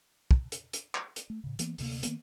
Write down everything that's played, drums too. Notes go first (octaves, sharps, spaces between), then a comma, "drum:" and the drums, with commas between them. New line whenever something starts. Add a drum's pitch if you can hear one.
drum: kick
drum: hi-hat
drum: hi-hat
drum: clap
drum: hi-hat
A3
A2 C#3
E3 A#3 B3, drum: hi-hat
D2 C3 A#3, drum: open hi-hat
D#3 A#3 B3, drum: hi-hat